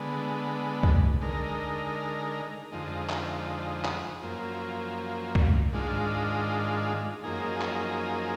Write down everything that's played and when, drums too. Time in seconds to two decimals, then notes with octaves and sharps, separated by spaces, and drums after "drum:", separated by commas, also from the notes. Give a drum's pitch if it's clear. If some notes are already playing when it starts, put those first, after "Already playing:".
Already playing: D3 G#3 B3
0.83 drum: kick C2
1.21 D3 G#3 D#4 A#4
2.71 F2 D3 F3 G#3 D#4
3.09 drum: clap
3.85 drum: clap
4.22 F#2 F3 A#3
5.35 drum: kick C2
5.73 G#2 D#3 G#3 D4 F4
7.24 F#2 F3 A#3 D#4 G#4
7.61 drum: clap